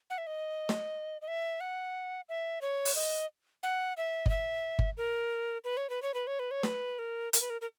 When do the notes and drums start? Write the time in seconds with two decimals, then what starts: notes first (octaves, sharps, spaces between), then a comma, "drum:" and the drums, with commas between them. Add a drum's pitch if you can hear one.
0.10 F#5
0.18 E5
0.27 D#5
0.69 drum: snare
1.22 D#5
1.28 E5
1.60 F#5
2.29 E5
2.61 C#5
2.85 drum: open hi-hat
2.96 D#5
3.63 F#5
3.97 E5
4.26 D#5, drum: kick G1
4.30 E5
4.79 drum: kick G1
4.97 A#4
5.64 B4
5.77 C#5
5.90 B4
6.02 C#5
6.14 B4
6.27 C#5
6.39 B4
6.51 C#5
6.63 B4, drum: snare
6.99 A#4
7.33 A#4, drum: hi-hat
7.41 B4
7.50 A#4
7.61 A#4